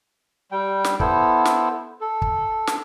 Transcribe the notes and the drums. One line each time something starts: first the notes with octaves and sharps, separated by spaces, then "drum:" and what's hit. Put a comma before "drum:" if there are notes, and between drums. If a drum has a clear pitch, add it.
G3 G5
drum: snare
B3 E4 A4 C5, drum: kick
drum: snare
A4
drum: kick
drum: snare